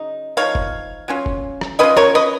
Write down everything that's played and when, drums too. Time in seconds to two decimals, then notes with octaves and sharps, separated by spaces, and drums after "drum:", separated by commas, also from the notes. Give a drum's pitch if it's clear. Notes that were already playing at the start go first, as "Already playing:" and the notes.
Already playing: C#3 F#3 D#4
0.37 F3 B3 D#4 C#5 F5
0.55 drum: kick
1.08 F#3 C#4 F4
1.26 drum: kick
1.61 drum: rim click
1.79 F#3 C#4 F4 B4 D#5
1.97 A#4 C#5, drum: rim click
2.15 B4 D#5